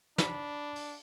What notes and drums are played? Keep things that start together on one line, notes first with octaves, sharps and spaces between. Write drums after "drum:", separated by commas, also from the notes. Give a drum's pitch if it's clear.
D4 B5, drum: snare
drum: open hi-hat